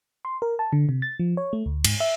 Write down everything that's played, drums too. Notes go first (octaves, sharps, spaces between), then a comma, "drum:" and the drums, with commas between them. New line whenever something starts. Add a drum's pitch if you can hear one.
C6
A#4
A5
D3
C3
A6
F3
C#5
A3
D2
G#2, drum: cymbal
E5